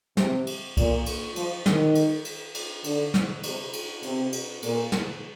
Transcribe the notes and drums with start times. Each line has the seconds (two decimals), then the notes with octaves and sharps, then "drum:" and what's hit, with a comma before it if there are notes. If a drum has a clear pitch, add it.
0.17 C3, drum: snare
0.47 drum: cymbal
0.77 A#2, drum: kick C2, cymbal
1.06 drum: cymbal
1.36 F3, drum: cymbal
1.66 D#3, drum: snare
1.95 drum: cymbal
2.25 drum: cymbal
2.55 drum: cymbal
2.84 D3, drum: cymbal
3.14 drum: snare
3.43 C3, drum: cymbal
3.73 drum: cymbal
4.03 C3, drum: cymbal
4.33 drum: cymbal
4.63 A#2, drum: cymbal
4.92 drum: snare